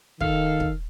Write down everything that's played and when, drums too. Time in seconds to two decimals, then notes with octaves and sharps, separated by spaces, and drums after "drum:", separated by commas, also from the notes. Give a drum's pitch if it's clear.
0.21 D#3 A4 F5, drum: kick
0.60 drum: kick